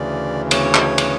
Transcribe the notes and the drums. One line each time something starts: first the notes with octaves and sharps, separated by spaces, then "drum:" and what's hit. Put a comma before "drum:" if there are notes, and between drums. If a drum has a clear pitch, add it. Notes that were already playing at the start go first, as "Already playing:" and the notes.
Already playing: D2 C#3 E3 D5
C#5, drum: cymbal
drum: clap
drum: cymbal